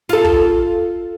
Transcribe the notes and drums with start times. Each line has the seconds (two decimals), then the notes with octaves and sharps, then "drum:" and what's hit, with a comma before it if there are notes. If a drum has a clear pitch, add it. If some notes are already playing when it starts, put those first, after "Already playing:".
0.09 F4 A4, drum: snare
0.25 drum: kick